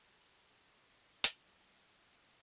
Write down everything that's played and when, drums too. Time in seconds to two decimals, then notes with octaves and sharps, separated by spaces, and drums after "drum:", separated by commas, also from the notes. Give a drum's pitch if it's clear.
0.21 A4 B5
0.79 A2
1.24 drum: hi-hat
1.42 G1 G3